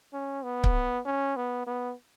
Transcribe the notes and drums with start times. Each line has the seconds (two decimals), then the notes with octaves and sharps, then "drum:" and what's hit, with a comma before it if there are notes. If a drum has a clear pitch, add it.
0.13 C#4
0.44 B3
0.64 drum: kick C#1
1.05 C#4
1.36 B3
1.67 B3